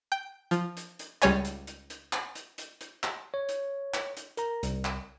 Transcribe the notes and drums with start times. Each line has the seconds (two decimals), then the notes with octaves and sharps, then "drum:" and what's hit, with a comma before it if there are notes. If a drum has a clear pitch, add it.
0.12 G5
0.51 F3, drum: hi-hat
0.77 drum: hi-hat
0.99 drum: hi-hat
1.22 C#2 G3 C#5 G#5, drum: clap
1.45 drum: hi-hat
1.67 drum: hi-hat
1.90 drum: hi-hat
2.13 drum: clap
2.35 drum: hi-hat
2.58 drum: hi-hat
2.81 drum: hi-hat
3.03 drum: clap
3.34 C#5
3.49 drum: hi-hat
3.94 drum: clap
4.17 drum: hi-hat
4.37 A#4 A#5, drum: hi-hat
4.63 C2, drum: hi-hat
4.85 drum: clap